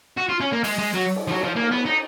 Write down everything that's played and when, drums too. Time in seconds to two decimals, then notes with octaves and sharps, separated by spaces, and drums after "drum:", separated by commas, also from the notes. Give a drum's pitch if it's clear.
0.17 F#4
0.29 F4
0.41 C#4
0.52 A#3
0.64 G#3, drum: open hi-hat
0.79 G#3
0.94 F#3
1.16 drum: cymbal
1.28 F3
1.32 F#3
1.44 F3
1.56 A#3
1.72 B3
1.86 D#4